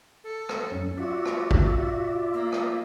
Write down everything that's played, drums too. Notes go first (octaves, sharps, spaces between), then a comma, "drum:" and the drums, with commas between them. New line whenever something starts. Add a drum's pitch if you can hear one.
A4
drum: rim click
F#2 C#4
F4 F#4 D5 E5
drum: rim click
drum: kick
A#3
drum: rim click